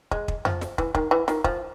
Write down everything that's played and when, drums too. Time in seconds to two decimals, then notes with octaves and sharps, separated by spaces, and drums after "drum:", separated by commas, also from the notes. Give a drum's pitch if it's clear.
0.11 G#3, drum: kick
0.28 drum: kick
0.45 F3, drum: tom F2
0.61 drum: snare
0.78 E3, drum: kick
0.95 D#3, drum: kick
1.11 E3
1.28 D#3, drum: snare
1.44 F3, drum: kick